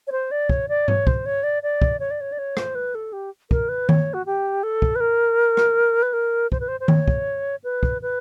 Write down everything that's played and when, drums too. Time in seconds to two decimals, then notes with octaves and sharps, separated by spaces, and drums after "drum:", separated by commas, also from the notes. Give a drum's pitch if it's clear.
0.07 C#5
0.12 C5
0.31 D5
0.49 C#5, drum: kick
0.69 D5
0.88 C#5, drum: tom G#2
1.07 C5, drum: kick
1.26 C#5
1.43 D5
1.63 D5
1.82 drum: kick
2.00 C#5
2.11 D5
2.21 C#5
2.32 D5
2.39 C#5
2.57 C5, drum: rim click
2.75 B4
2.95 A4
3.13 G4
3.51 A#4, drum: kick
3.69 B4
3.89 C#5, drum: tom D#3
4.14 F#4
4.26 G4
4.63 A4
4.82 drum: kick
4.96 B4
5.00 A#4
5.57 drum: rim click
6.02 B4
6.13 A#4
6.52 C5, drum: kick
6.60 B4
6.68 C5
6.80 C5
6.88 C#5, drum: tom D#3
7.08 drum: kick
7.64 B4
7.83 drum: kick
8.02 B4